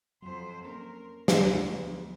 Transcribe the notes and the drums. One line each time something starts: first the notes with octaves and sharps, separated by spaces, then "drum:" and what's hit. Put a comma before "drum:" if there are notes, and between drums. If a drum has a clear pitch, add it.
F2 F#3 C5
A#3 C#4 A#4 C6
D2, drum: snare
F3 G#3 B3